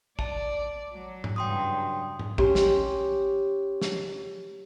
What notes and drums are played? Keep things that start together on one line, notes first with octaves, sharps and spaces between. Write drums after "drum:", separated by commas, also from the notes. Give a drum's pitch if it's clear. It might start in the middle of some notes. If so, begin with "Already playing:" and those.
D5 A5, drum: kick A1
F#3
drum: tom G#2
G2 C#3 F#3 G5 C6 D#6
drum: tom G#2
C#4 G4 C6, drum: kick A1
drum: snare
drum: snare